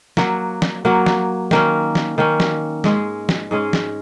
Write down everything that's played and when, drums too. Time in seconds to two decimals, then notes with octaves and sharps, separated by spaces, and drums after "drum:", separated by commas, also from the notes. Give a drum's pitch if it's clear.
0.17 F#3 A#3 F#4, drum: snare
0.62 drum: snare
0.85 F#3 A#3 F#4
1.06 drum: snare
1.51 D#3 A#3 C#4, drum: snare
1.95 drum: snare
2.18 D#3 A#3 C#4
2.40 drum: snare
2.84 G#2 G#3 C#4 G#4, drum: snare
3.29 drum: snare
3.51 G#2 G#3 C#4 G#4
3.73 drum: snare